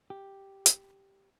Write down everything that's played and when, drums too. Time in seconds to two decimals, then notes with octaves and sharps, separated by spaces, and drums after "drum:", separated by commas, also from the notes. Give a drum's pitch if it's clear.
0.10 G4
0.66 drum: hi-hat